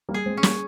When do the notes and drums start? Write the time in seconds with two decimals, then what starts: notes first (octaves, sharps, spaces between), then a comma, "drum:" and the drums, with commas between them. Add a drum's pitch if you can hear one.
0.09 G3 A#3
0.14 G#4
0.26 G#3 C4
0.37 C#4
0.43 G3 A#3, drum: snare